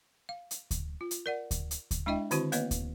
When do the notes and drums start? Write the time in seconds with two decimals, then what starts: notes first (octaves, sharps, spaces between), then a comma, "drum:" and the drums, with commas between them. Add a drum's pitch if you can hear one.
0.29 F5
0.51 drum: hi-hat
0.71 drum: kick D2, hi-hat
1.01 F4
1.11 drum: hi-hat
1.26 A#4 D5 F#5
1.51 drum: kick D2, hi-hat
1.71 drum: hi-hat
1.91 drum: kick D2, hi-hat
2.06 G#3 D4 E4 D#5 E5 G5
2.31 D3 D#3 C4 E4 F#4, drum: hi-hat
2.52 A#3 B3 B4 C#5 D#5, drum: hi-hat
2.71 drum: kick D2, hi-hat